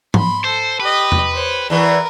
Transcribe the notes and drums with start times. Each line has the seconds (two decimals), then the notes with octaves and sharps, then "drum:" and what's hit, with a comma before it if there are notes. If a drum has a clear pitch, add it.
0.14 B5 C6, drum: tom
0.44 A4 C5
0.80 G4 B4 D#5
1.12 drum: tom E2
1.33 C5 C#5
1.70 E2 E3 A#4 B4